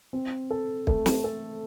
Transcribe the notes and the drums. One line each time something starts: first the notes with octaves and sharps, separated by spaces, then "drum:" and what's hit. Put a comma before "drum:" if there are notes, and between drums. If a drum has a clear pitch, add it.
C4
A4
A3, drum: kick
drum: snare
A4